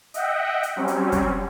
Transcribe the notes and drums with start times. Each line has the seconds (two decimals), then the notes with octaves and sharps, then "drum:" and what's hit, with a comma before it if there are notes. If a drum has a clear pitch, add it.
0.14 D#5 E5 F#5 G5, drum: hi-hat
0.63 drum: hi-hat
0.76 F#3 G3 C4 C#4
0.88 drum: hi-hat
1.12 drum: kick, hi-hat